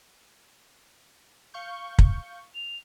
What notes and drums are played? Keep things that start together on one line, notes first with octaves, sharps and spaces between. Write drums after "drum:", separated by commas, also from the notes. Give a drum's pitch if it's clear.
F5 C#6 G6
drum: kick
F7